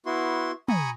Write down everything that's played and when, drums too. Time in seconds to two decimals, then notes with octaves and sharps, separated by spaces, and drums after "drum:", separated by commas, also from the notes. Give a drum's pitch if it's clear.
0.06 B3 E4 F#4 C6
0.68 G#5 A#5 B5 C#6 D#6, drum: tom